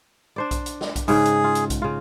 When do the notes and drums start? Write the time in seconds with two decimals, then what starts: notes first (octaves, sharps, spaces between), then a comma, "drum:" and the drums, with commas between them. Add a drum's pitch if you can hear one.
0.36 D4 C5 D5
0.51 drum: kick B1, hi-hat
0.66 drum: hi-hat
0.81 drum: snare
0.96 drum: kick B1, hi-hat
1.08 G#2 C#3 G#4, drum: open hi-hat
1.25 drum: hi-hat
1.44 F4
1.55 drum: hi-hat
1.70 drum: kick B1, hi-hat
1.82 C#3 F4